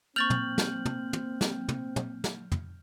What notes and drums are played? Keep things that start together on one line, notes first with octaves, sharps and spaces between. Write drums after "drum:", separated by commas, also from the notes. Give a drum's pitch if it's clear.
A#3 C4 C#6 F6 G6 A6 F7 F#7
drum: tom
drum: snare
drum: tom
drum: tom
drum: snare
drum: tom
drum: tom
drum: snare
drum: tom